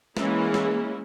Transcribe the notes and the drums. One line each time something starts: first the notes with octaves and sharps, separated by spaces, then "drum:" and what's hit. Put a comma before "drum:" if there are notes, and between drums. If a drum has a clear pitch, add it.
E3 G#3 A#3 C#4 E4, drum: snare
drum: snare